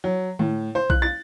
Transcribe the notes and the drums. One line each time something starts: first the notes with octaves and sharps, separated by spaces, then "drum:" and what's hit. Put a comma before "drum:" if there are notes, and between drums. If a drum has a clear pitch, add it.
F#3
A2, drum: tom D3
C5
F#6, drum: kick B1
A6